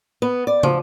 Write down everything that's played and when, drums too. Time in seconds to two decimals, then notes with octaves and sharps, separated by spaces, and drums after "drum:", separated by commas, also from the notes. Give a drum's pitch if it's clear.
0.22 B3
0.47 D5
0.63 F3, drum: tom